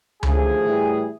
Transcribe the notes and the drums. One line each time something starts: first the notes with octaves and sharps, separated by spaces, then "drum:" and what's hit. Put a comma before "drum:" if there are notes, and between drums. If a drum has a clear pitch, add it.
D#2 D3 F3 A3 G#4, drum: tom C#2
A2 E3 G3